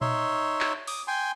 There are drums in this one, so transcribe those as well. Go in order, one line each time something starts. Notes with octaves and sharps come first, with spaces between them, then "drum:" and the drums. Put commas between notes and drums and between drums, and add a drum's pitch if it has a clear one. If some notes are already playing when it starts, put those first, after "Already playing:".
D#4 C#5 E5 C6, drum: tom A#2
drum: clap
D6 D#6, drum: open hi-hat
G5 G#5 C6